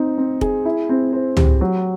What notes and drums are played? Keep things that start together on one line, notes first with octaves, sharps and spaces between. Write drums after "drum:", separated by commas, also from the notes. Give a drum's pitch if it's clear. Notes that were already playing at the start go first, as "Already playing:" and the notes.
Already playing: C4 D#4
C4
G#4, drum: kick F1
E4
C4
C5
G4, drum: tom C#2
F#3